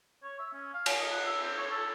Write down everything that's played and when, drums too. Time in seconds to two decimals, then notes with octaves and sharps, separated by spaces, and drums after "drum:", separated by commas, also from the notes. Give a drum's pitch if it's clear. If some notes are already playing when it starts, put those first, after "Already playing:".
0.23 C#5
0.39 E5
0.53 C#4
0.74 F5
0.86 drum: cymbal
0.99 D#5
1.12 F#5
1.26 E5
1.43 C4
1.58 C#5
1.71 A4